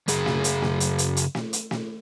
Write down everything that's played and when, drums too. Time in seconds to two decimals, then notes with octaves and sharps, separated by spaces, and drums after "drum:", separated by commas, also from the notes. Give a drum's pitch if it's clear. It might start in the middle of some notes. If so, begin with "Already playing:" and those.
0.08 F#2 C#3 G#4, drum: hi-hat
0.26 drum: snare
0.44 drum: hi-hat
0.62 drum: snare
0.80 drum: hi-hat
0.98 drum: hi-hat
1.17 drum: hi-hat
1.35 drum: snare
1.53 drum: hi-hat
1.71 drum: snare